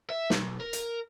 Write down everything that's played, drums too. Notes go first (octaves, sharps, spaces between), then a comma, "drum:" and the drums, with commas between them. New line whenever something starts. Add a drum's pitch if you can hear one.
E5
B1, drum: snare
A#4
drum: hi-hat